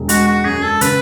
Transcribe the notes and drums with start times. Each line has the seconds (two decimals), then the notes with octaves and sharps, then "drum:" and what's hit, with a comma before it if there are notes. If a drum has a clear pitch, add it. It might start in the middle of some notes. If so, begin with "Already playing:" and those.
Already playing: E1
0.09 G#3 F#4, drum: hi-hat
0.28 F#4
0.45 F#2 G#4
0.64 A4
0.81 C#3 B4, drum: hi-hat